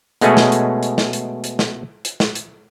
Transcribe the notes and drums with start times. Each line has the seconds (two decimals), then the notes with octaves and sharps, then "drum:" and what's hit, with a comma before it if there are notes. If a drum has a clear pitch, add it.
0.21 B2 G#3 A3 C#4 G#4, drum: hi-hat
0.37 drum: snare
0.52 drum: hi-hat
0.83 drum: hi-hat
0.98 drum: snare
1.13 drum: hi-hat
1.44 drum: hi-hat
1.59 drum: snare
2.05 drum: hi-hat
2.20 drum: snare
2.35 drum: hi-hat